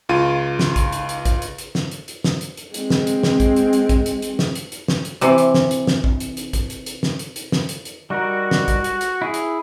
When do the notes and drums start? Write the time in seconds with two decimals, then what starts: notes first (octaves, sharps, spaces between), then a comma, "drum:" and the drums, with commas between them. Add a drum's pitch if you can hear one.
0.09 C#2 F4 D#7
0.59 drum: snare
0.76 drum: kick A1, hi-hat
0.92 drum: hi-hat
1.09 drum: hi-hat
1.25 drum: kick A1, hi-hat
1.42 drum: hi-hat
1.58 drum: hi-hat
1.75 drum: snare
1.91 drum: hi-hat
2.08 drum: hi-hat
2.24 drum: snare
2.41 drum: hi-hat
2.57 drum: hi-hat
2.74 G#3 C4, drum: hi-hat
2.90 drum: snare
3.07 drum: hi-hat
3.23 drum: snare
3.40 drum: kick A1, hi-hat
3.56 drum: hi-hat
3.73 drum: hi-hat
3.89 drum: kick A1, hi-hat
4.06 drum: hi-hat
4.22 drum: hi-hat
4.39 drum: snare
4.55 drum: hi-hat
4.72 drum: hi-hat
4.88 drum: snare
5.05 drum: hi-hat
5.21 C3 E3, drum: hi-hat
5.38 drum: hi-hat
5.54 drum: snare
5.71 drum: hi-hat
5.87 drum: snare
6.04 drum: kick A1
6.20 drum: hi-hat
6.37 drum: hi-hat
6.53 drum: kick A1, hi-hat
6.70 drum: hi-hat
6.86 drum: hi-hat
7.03 drum: snare
7.19 drum: hi-hat
7.36 drum: hi-hat
7.52 drum: snare
7.69 drum: hi-hat
7.85 drum: hi-hat
8.10 G3 D#4 F#4 A#4
8.51 drum: snare
8.68 drum: kick A1, hi-hat
8.84 drum: hi-hat
9.01 drum: hi-hat
9.22 E4 G#4
9.34 drum: hi-hat